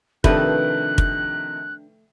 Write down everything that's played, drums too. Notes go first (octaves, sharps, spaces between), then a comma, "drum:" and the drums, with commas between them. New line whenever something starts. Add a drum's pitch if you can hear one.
C3 D#3 F3 A3 D4 A4 B4 F#6, drum: kick
drum: kick